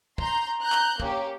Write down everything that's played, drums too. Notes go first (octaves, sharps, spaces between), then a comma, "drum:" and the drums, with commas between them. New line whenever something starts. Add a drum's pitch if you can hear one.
A#5 C6 G6, drum: kick
A#5 F#6 G6
drum: clap
A#3 C#4 G4, drum: kick